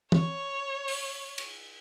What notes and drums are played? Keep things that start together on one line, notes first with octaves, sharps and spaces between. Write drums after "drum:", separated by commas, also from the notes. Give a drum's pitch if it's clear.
C#5, drum: tom
drum: open hi-hat
drum: cymbal